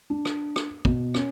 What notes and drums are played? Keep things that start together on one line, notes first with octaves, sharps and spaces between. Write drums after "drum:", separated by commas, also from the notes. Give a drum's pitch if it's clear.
D4
drum: rim click
drum: rim click
B2, drum: kick
C#4, drum: rim click